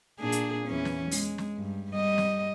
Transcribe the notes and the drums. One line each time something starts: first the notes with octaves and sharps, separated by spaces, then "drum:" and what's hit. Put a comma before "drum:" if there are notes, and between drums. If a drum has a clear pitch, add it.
A#2 D4 G#4
drum: hi-hat
E2 E3 C#4
drum: snare
G#3, drum: open hi-hat
drum: snare
G2
G3 D#5
drum: snare